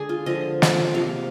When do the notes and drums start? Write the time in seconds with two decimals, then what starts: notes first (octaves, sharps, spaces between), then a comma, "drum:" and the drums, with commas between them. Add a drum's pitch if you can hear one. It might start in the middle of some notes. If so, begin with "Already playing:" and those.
Already playing: D3 G#3 G#4 D5
0.09 F4
0.26 D3 F3 G#3 D#5
0.62 drum: snare
0.95 C3 F3 A#3 F5